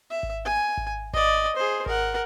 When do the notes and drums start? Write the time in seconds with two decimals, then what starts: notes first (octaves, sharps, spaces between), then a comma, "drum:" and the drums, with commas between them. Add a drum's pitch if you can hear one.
0.10 E5
0.23 drum: kick G#1
0.45 G#5
0.77 drum: kick G#1
1.13 D5 D#5, drum: kick G#1
1.56 G#4 C5
1.86 A#4 F#5, drum: kick G#1